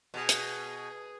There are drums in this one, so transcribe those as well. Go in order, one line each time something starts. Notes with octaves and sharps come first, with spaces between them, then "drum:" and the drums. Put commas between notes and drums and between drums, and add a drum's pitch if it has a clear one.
B2 G#4
drum: hi-hat